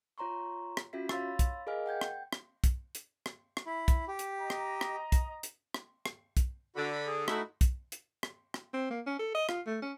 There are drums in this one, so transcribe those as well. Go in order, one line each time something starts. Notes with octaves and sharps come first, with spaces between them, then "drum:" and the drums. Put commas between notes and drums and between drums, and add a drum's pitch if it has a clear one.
F4 C#5 A#5 C6 C#6
drum: rim click
C#4 F4 F#4 E5 B6
C#5 F5 B5 C6 E6 A6, drum: rim click
drum: kick, hi-hat
G#4 A#4 D#5 F5 G#5 F6
F#5 G5 G6 G#6
drum: rim click
drum: rim click
drum: kick, hi-hat
drum: hi-hat
drum: rim click
drum: rim click
E4
drum: kick, hi-hat
G4
drum: hi-hat
D#5 A#5
drum: rim click
drum: rim click
drum: kick, hi-hat
drum: hi-hat
drum: rim click
drum: rim click
drum: kick, hi-hat
D3 F#4 B5
B5
G#4
A3 D#4 E4 F#4, drum: rim click
drum: kick, hi-hat
drum: hi-hat
drum: rim click
drum: rim click
C4
A#3
C#4
A4
D#5
F4, drum: rim click
A3
C#4